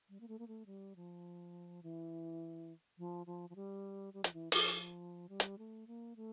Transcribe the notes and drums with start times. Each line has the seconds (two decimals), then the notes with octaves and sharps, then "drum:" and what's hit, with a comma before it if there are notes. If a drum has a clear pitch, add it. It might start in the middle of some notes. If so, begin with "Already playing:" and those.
0.09 G3
0.20 A#3
0.28 A3
0.39 A#3
0.48 A3
0.66 G3
0.96 F3
1.83 E3
2.98 F3
3.26 F3
3.50 F3
3.56 G3
4.14 G3
4.24 F3, drum: hi-hat
4.33 E3
4.52 F3, drum: open hi-hat
5.29 G3
5.40 drum: hi-hat
5.58 A3
5.87 A#3
6.16 A3